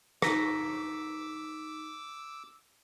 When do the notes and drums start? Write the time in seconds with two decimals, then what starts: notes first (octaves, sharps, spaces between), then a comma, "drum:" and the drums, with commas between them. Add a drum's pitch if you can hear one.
0.22 D#4 A#5 D6 E6 B6, drum: rim click